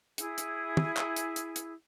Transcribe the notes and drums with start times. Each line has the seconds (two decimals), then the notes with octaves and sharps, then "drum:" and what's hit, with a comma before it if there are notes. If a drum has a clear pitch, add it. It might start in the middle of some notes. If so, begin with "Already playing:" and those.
0.18 E4 G#4, drum: hi-hat
0.38 drum: hi-hat
0.77 drum: tom
0.97 drum: clap
1.16 drum: hi-hat
1.36 drum: hi-hat
1.56 drum: hi-hat